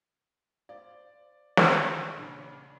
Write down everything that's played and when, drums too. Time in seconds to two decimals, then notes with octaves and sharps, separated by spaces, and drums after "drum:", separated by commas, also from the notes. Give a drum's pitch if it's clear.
0.69 C5 D5 F5
1.57 drum: snare
2.15 A1 A#2 C#3 C#4 D4